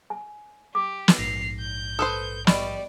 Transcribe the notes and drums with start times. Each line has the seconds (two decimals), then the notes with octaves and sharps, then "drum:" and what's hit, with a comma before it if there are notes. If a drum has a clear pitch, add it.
0.10 G#5
0.75 G4 D6
1.08 drum: snare
1.19 A#1 G#2 A#6 C7 F7
1.60 G6
1.99 A4 B4 C5 D#6
2.47 G3 D5 D#5 B5 C#6, drum: snare